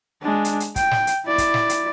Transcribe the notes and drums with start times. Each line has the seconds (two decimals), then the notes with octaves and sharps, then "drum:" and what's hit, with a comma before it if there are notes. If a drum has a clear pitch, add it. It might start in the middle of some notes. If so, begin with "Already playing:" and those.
0.22 G#3 D4
0.45 drum: hi-hat
0.60 drum: hi-hat
0.76 G5, drum: kick, hi-hat
0.91 drum: snare
1.07 drum: hi-hat
1.26 E4 D5
1.38 drum: kick, hi-hat
1.54 drum: snare
1.69 drum: hi-hat